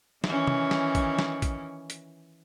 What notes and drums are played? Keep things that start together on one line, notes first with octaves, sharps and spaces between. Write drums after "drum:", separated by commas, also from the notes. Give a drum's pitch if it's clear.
D#3 E3 C#4, drum: snare
drum: tom
drum: snare
drum: kick, hi-hat
drum: snare
drum: kick, hi-hat
drum: hi-hat